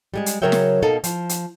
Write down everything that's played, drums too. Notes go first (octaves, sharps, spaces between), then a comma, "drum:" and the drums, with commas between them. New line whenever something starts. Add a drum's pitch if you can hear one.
G3 G#3 G#4
drum: hi-hat
C#3 F#3 A#4 C#5 E5 G5
drum: snare
B2 A#3 D#4 A4
F3, drum: hi-hat
drum: hi-hat